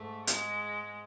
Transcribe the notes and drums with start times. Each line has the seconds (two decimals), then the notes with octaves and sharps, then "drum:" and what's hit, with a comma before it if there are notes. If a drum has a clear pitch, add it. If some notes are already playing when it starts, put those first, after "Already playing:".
Already playing: G#2 A3
0.27 G#3, drum: hi-hat